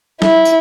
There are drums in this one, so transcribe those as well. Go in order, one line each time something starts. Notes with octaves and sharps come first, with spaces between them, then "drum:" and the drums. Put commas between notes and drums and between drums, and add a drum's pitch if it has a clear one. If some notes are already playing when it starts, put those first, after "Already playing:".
E4, drum: snare
drum: tambourine